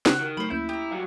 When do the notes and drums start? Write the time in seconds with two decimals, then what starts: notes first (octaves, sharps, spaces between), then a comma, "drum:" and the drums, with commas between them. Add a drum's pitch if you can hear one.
0.06 C#3 D#4 F#4 G4 F#6, drum: snare
0.21 D#3
0.37 F#3 A3 C5 B5
0.50 D2 A#3 C#4 E4 G6
0.69 G4 A#5 D#6
0.91 F#3 G3 F5 G5